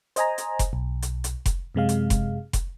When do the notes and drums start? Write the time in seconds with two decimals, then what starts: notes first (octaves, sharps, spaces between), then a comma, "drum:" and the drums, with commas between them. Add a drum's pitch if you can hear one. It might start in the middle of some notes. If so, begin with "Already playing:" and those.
0.16 C5 D#5 G#5 A#5, drum: hi-hat
0.38 drum: hi-hat
0.59 drum: kick F1, hi-hat
0.73 B1
1.02 drum: hi-hat
1.24 drum: hi-hat
1.46 drum: kick F1, hi-hat
1.75 F#2 C3 G#3 F5
1.89 drum: hi-hat
2.10 drum: kick F1, hi-hat
2.53 drum: kick F1, hi-hat